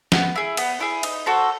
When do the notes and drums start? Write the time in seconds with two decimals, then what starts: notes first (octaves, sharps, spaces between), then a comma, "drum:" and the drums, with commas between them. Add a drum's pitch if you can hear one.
0.12 B3, drum: snare
0.36 E4 G#4
0.57 B3, drum: cymbal
0.80 E4 G#4
1.03 D#4, drum: cymbal
1.26 F#4 A4 C5